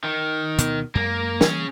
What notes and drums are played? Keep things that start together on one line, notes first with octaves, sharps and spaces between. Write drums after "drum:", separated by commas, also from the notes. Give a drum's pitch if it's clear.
D#3
D2 B2 B3, drum: hi-hat
F#2 G#3 A#3
E3 G3 A#3 C#4 G#4, drum: snare